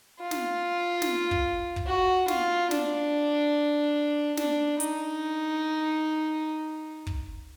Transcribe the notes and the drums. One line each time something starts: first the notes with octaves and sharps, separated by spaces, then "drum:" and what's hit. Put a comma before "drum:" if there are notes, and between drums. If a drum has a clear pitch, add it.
F4
drum: snare
drum: snare
drum: kick
drum: kick
F#4
F4, drum: snare
D4, drum: snare
D4, drum: snare
D#4, drum: hi-hat
drum: kick